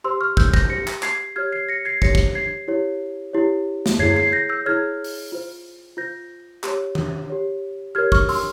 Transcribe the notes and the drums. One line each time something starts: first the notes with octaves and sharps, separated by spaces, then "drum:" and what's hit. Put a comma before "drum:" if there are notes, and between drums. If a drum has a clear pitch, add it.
G4 C5 C6 E6
C#6 F6
E6 G6, drum: kick
G6 A#6, drum: kick
G4 C5 A#6 C#7
drum: clap
G#6 C7, drum: clap
G4 C#5 F6 G#6
G#6 C7
A#6 C#7
G#6 C7
G4 C#5 A#6 C#7, drum: kick
drum: kick
G#6 C7
E4 G4 C#5
E4 G4 C#5
drum: snare
E4 G#4 C#5 G#6 C7, drum: tom F#2
G#6 C7
G6 A#6
E6 G6
E4 G#4 C#5 F6 G#6
drum: open hi-hat
F4 C5
F4 C5 G6 A#6
G4 C#5, drum: clap
drum: tom D#3
G4 C#5
G4 A#4 C#5 F6 G#6
C#6 F6, drum: kick
C6 E6, drum: open hi-hat